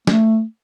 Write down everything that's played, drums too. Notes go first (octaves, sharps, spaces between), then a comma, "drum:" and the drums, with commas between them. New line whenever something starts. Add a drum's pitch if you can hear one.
A3, drum: snare